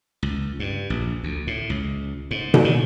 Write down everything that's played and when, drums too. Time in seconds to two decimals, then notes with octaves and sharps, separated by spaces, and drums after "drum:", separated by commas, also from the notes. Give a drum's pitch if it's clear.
0.23 C#2
0.60 G2
0.90 A#1
1.24 D2
1.47 A2
1.70 C#2
2.31 G#2
2.54 drum: tom B2
2.65 D#3